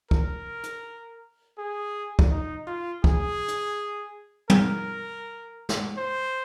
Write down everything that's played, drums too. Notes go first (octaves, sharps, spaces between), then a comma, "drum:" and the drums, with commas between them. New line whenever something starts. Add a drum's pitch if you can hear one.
A#4, drum: kick
drum: hi-hat
G#4
drum: kick
D#4
F4
G#4, drum: kick
drum: hi-hat
A#4, drum: tom
drum: snare
C5